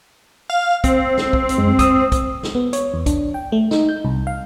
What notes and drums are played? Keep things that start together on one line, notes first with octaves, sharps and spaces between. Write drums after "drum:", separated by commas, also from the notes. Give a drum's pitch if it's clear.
F5
C4, drum: kick, hi-hat
drum: snare
drum: kick
drum: hi-hat
F#2 G#3
D#6 E6, drum: kick, hi-hat
drum: kick, hi-hat
drum: snare
B3
C#5, drum: hi-hat
E2
D4, drum: kick, hi-hat
G5
A3
D#4, drum: snare
G6
C2
F5